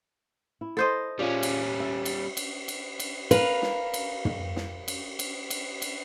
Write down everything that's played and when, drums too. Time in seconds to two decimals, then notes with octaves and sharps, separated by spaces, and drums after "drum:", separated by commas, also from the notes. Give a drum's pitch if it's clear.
0.61 E4
0.77 A4 C5 D#5
1.19 G3 C#4 F4 G#4 D5
1.43 drum: cymbal
1.80 E5
2.05 drum: cymbal
2.37 drum: cymbal
2.68 drum: cymbal
3.00 drum: cymbal
3.31 A#4 B4 F5, drum: cymbal
3.62 drum: snare
3.94 drum: cymbal
4.25 drum: tom
4.56 drum: snare
4.88 drum: cymbal
5.19 drum: cymbal
5.50 drum: cymbal
5.82 drum: cymbal